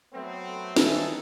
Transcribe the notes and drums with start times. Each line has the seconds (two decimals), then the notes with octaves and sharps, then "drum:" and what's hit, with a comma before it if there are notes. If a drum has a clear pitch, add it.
0.13 F#3 A3 B3 C4
0.76 D#3 E3 G3 D#4 G#4 A4, drum: snare